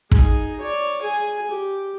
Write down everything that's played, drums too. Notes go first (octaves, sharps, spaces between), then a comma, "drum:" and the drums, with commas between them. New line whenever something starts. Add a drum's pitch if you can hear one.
D#4 G#4, drum: kick
C#5 D5
G#4 G#5
G4